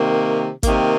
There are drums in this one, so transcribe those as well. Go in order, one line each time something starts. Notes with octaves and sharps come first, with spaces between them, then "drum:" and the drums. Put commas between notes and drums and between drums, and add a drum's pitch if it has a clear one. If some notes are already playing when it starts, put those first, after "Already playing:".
Already playing: C3 D#3 A#3
C3 D#3 A#3, drum: kick, hi-hat